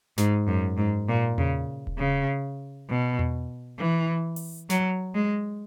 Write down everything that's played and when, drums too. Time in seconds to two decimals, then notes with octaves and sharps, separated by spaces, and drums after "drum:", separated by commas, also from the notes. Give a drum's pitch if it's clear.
0.18 G#2, drum: snare
0.47 F#2
0.77 G#2
1.08 A#2
1.38 C#3, drum: tom E2
1.87 drum: kick D#1
1.98 C#3
2.89 B2
3.19 drum: tom E2
3.79 E3
4.36 drum: open hi-hat
4.70 F#3, drum: snare
5.14 G#3